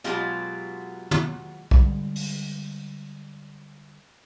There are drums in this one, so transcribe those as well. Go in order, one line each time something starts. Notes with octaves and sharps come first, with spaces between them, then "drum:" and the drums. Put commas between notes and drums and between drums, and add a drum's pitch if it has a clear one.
B2 F#3 G#3 F4 G4, drum: hi-hat
drum: tom
D3 G3 G#3, drum: kick B1
drum: open hi-hat